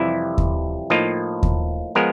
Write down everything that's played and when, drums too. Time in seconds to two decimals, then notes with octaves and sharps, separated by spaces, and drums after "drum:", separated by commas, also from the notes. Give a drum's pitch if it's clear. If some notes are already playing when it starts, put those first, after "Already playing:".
Already playing: F2 C3 E3 G3 E4
0.38 drum: kick D#2
0.90 A2 F3 A#3 D#4 F4
1.43 drum: kick D#2
1.95 F3 G#3 B3 A#4